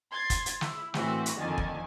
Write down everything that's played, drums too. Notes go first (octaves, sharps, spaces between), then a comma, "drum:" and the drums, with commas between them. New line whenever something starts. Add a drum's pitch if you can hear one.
C6 G#6 A6
drum: kick, hi-hat
drum: hi-hat
E4, drum: snare
A2 E3 C4 F#4, drum: snare
drum: hi-hat
F2 D3 D#3 A#3 G#5 A5
drum: kick